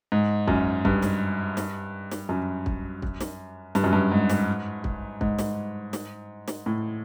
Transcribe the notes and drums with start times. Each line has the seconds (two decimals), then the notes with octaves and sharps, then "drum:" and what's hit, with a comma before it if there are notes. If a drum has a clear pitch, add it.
0.12 G#2
0.48 F#2, drum: kick
0.85 G2, drum: kick
1.02 drum: snare
1.57 drum: snare
2.12 drum: snare
2.29 F#2
2.66 drum: kick
3.02 drum: kick
3.21 drum: snare
3.75 G2, drum: snare
3.84 F#2
3.93 G2
4.12 G#2
4.30 drum: snare
4.84 drum: kick
5.21 G#2, drum: kick
5.39 drum: snare
5.93 drum: snare
6.48 drum: snare
6.66 A2